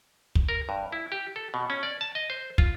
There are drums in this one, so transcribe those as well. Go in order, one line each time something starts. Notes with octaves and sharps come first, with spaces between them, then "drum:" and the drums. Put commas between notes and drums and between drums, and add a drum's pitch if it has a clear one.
drum: kick
A#4
G2
E4
G4
A4
B2
C#4
D5
A5
D#5
C5
F4, drum: kick